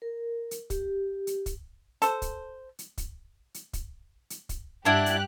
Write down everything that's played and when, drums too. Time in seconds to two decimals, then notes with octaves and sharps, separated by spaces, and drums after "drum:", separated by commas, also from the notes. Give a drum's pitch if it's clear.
0.02 A#4
0.51 drum: hi-hat
0.70 G4, drum: kick, hi-hat
1.27 drum: hi-hat
1.46 drum: kick, hi-hat
2.02 A4 C5, drum: hi-hat
2.22 drum: kick, hi-hat
2.79 drum: hi-hat
2.98 drum: kick, hi-hat
3.54 drum: hi-hat
3.73 drum: kick, hi-hat
4.30 drum: hi-hat
4.49 drum: kick, hi-hat
4.85 G2 D4 E4 G4 F#5 F#6
5.06 drum: hi-hat